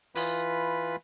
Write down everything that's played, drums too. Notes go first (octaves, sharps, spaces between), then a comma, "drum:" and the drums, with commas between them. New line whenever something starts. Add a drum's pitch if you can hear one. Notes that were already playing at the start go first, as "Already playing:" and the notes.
E3 F4 B4 B5, drum: open hi-hat